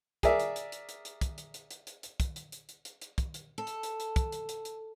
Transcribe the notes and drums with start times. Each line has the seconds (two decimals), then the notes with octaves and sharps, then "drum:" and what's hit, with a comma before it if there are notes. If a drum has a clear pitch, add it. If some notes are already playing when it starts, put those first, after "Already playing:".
0.23 G#4 A#4 D5 E5, drum: kick, hi-hat
0.40 drum: hi-hat
0.56 drum: hi-hat
0.72 drum: hi-hat
0.89 drum: hi-hat
1.05 drum: hi-hat
1.21 drum: kick, hi-hat
1.38 drum: hi-hat
1.54 drum: hi-hat
1.71 drum: hi-hat
1.87 drum: hi-hat
2.03 drum: hi-hat
2.20 drum: kick, hi-hat
2.36 drum: hi-hat
2.52 drum: hi-hat
2.69 drum: hi-hat
2.85 drum: hi-hat
3.01 drum: hi-hat
3.18 drum: kick, hi-hat
3.34 drum: hi-hat
3.58 A4
3.67 drum: hi-hat
3.83 drum: hi-hat
4.00 drum: hi-hat
4.16 drum: kick, hi-hat
4.32 drum: hi-hat
4.49 drum: hi-hat
4.65 drum: hi-hat